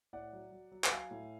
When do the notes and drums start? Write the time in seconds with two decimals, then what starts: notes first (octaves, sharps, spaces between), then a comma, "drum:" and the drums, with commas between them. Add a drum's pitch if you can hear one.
0.13 A2 D5 F#5
0.33 F#3
0.52 F#3
0.71 F#3
0.84 F#5, drum: clap
0.91 F#3 F5 G#5
1.11 A2